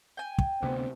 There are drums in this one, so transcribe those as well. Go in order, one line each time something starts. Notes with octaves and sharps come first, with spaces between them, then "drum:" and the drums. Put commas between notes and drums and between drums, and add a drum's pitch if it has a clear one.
G5 G#5
drum: kick
D2 C3 B3 C4